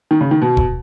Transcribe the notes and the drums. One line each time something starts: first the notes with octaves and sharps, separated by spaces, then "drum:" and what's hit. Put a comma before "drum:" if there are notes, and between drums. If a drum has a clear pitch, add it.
D#3
C#3
D#3
B2
drum: kick